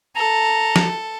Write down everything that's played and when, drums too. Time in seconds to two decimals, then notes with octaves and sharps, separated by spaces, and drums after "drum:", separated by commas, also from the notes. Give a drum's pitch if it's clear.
0.16 A4 A#5
0.76 drum: snare F3